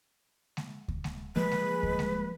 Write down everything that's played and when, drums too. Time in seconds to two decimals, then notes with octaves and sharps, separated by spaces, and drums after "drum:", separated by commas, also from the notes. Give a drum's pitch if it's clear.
0.57 drum: snare G#3
0.88 drum: kick D2
1.04 drum: snare G#3
1.36 F3 G3 G#3 A#3 B4
1.51 drum: snare G#3
1.83 drum: kick D2
1.99 drum: snare G#3